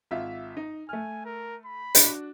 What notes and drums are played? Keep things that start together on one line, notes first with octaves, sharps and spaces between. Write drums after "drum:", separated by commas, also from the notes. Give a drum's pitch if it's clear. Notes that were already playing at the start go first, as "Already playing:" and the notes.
G#1 F4 E5
D#4
A3 G#5 F6
A#4
B5
D4 F#4, drum: hi-hat